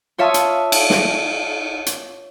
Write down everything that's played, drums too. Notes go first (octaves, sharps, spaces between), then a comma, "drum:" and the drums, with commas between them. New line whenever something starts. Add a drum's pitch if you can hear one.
F4 C#5 E5 F5 A5 D#6
drum: hi-hat
drum: cymbal
drum: snare
drum: hi-hat